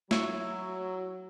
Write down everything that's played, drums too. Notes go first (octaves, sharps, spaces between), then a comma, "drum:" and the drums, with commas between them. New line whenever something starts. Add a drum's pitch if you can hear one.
F#3 E4 C#5, drum: snare